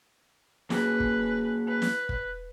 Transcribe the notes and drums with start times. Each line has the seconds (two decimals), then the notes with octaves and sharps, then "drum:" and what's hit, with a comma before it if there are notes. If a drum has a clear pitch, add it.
0.70 A#3 F#4 G#4 B4, drum: snare
1.00 drum: kick
1.68 B4
1.82 drum: snare
2.09 drum: kick